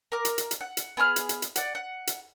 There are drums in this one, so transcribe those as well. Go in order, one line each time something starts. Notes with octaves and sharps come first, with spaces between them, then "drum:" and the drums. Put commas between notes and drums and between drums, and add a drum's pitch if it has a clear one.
A#4 D6
drum: hi-hat
drum: hi-hat
drum: hi-hat
F#5
drum: hi-hat
B3 G#4 C6 F6
drum: hi-hat
drum: hi-hat
drum: hi-hat
D5 F#5, drum: hi-hat
F#5
drum: hi-hat